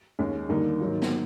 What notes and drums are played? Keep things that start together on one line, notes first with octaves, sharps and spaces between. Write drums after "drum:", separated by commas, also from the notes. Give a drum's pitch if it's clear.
D#2 D#3 G#3 C#4
D#2 D3 G3 A#3 D#4
G#2 D#3 F#3 A#3
drum: snare